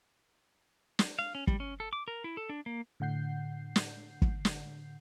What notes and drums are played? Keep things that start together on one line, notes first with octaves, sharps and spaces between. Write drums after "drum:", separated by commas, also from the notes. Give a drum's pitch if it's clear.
drum: snare
F5
C#4
G3, drum: kick
C#4
A4
D6
A#4
E4
A4
D4
A#3
A2 D3 F#5 G6 C7
drum: snare
drum: kick
drum: snare